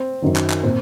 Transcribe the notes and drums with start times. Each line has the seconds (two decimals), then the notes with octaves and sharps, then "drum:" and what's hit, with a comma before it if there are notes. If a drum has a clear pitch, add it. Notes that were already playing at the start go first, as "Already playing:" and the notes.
Already playing: C4
0.22 F#2 D#3 F#3
0.36 drum: clap
0.50 drum: clap
0.63 A#2 C4